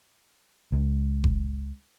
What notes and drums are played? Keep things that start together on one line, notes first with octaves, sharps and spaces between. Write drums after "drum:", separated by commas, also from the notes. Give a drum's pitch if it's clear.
C#2
drum: kick F#1